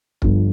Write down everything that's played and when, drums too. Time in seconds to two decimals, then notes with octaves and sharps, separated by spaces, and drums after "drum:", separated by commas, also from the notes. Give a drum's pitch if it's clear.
0.22 G1 G2 D3 F3 B3, drum: kick